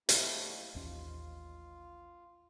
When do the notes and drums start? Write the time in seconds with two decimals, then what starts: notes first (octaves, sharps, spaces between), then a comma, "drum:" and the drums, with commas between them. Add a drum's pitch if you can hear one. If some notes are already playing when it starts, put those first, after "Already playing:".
0.09 A3 E4 G4 C5 D#5 F5, drum: hi-hat
0.75 A1 D#2 C#4 F4